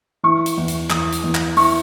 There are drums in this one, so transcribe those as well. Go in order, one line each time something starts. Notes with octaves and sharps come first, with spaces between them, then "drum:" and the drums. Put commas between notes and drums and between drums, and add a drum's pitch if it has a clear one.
E3 C#6
drum: hi-hat
E2
drum: hi-hat
E2 D#6, drum: clap
drum: hi-hat
E2
drum: clap
E3 C#6, drum: open hi-hat